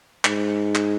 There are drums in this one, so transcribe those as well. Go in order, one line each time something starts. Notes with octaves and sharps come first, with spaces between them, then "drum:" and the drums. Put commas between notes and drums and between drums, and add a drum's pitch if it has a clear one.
G#2, drum: clap
drum: clap